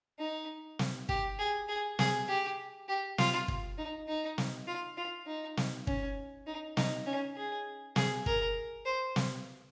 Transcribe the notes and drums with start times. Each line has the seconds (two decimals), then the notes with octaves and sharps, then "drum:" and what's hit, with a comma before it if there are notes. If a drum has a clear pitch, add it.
0.19 D#4
0.79 drum: snare
1.09 G4, drum: kick
1.39 G#4
1.69 G#4
1.99 G#4, drum: snare
2.29 G4
2.88 G4
3.18 F4, drum: snare
3.48 drum: kick
3.78 D#4
4.08 D#4
4.38 drum: snare
4.67 F4
4.97 F4
5.27 D#4
5.57 drum: snare
5.87 C#4, drum: kick
6.47 D#4
6.77 D#4, drum: snare
7.07 C#4
7.37 G#4
7.96 G#4, drum: snare
8.26 A#4, drum: kick
8.86 C5
9.16 drum: snare